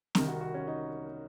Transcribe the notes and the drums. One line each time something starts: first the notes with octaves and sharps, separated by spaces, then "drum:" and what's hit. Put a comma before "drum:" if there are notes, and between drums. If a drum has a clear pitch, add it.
C2 C3 D#3 A#4, drum: snare
F#4
F#4
C#4
D#4